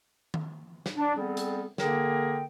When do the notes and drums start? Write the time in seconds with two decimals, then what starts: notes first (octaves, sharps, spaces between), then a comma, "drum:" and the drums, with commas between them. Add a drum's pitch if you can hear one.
0.34 drum: tom D#3
0.86 drum: snare
0.96 D4
1.17 G3 B3 C4 G#4 A4
1.37 drum: hi-hat
1.78 D3 A#3 G#4 A#4 G5, drum: snare